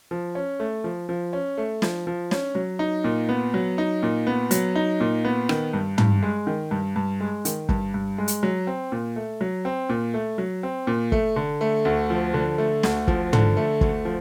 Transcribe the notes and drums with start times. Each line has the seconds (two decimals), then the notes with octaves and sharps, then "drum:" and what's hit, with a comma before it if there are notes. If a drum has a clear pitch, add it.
0.11 F3
0.35 C#4
0.60 A3
0.84 F3
1.09 F3
1.33 C#4
1.58 A3
1.82 F3, drum: snare
2.07 F3
2.31 C#4, drum: snare
2.55 F#3
2.79 D#4
3.04 A#2
3.29 B3
3.54 F#3
3.78 D#4
4.03 A#2
4.27 B3
4.51 F#3, drum: hi-hat
4.76 D#4
5.00 A#2
5.25 B3
5.49 D#3, drum: rim click
5.73 G2
5.98 G2, drum: tom
6.23 G#3
6.47 D#3
6.71 G2
6.96 G2
7.20 G#3
7.45 D#3, drum: hi-hat
7.69 G2, drum: kick
7.94 G2
8.18 G#3
8.28 drum: hi-hat
8.43 F#3
8.67 C4
8.92 A#2
9.16 A3
9.41 F#3
9.65 C4
9.89 A#2
10.14 A3
10.38 F#3
10.63 C4
10.87 A#2
11.12 A3, drum: kick
11.36 D3
11.61 A3
11.85 D2
12.10 F3
12.34 D3
12.58 A3
12.83 D2, drum: snare
13.08 F3, drum: kick
13.33 D3, drum: tom
13.57 A3
13.81 D2, drum: kick
14.05 F3